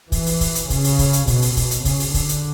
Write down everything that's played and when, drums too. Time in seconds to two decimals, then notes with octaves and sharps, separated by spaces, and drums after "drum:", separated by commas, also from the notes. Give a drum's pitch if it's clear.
0.12 E3, drum: kick, open hi-hat
0.26 drum: open hi-hat
0.41 drum: kick, open hi-hat
0.55 drum: hi-hat
0.70 C#3, drum: kick, open hi-hat
0.84 drum: open hi-hat
0.99 drum: kick, open hi-hat
1.13 drum: hi-hat
1.27 B2, drum: kick, open hi-hat
1.42 drum: open hi-hat
1.57 B2, drum: kick, open hi-hat
1.71 drum: hi-hat
1.85 C#3, drum: kick, open hi-hat
2.00 drum: open hi-hat
2.14 D3, drum: kick, open hi-hat
2.29 drum: hi-hat